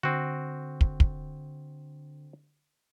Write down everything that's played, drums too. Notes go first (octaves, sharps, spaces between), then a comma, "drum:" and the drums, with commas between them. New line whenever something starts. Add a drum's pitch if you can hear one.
D3 C4 F#4
drum: kick
drum: kick